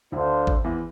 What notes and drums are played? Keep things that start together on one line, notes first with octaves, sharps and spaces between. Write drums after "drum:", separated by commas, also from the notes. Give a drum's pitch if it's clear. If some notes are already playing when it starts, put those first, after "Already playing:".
D2 D3 D4 A4 C5 F5
drum: kick G#1
E2 E3